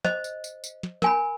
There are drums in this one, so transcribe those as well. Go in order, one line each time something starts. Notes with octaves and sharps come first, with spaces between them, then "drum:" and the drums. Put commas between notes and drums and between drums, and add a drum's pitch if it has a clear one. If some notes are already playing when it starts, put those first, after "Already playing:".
C5 D#5, drum: snare
drum: tambourine
drum: tambourine
drum: tambourine
drum: snare
A#4 G#5 B5, drum: snare